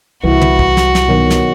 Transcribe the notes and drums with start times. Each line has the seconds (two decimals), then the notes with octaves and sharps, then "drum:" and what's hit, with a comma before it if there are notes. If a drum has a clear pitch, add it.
0.24 C2 D3 E3 E4 F#4
0.41 drum: tom
0.59 drum: kick
0.77 drum: snare
0.95 drum: snare
1.08 B2 D#3 F#3
1.30 drum: snare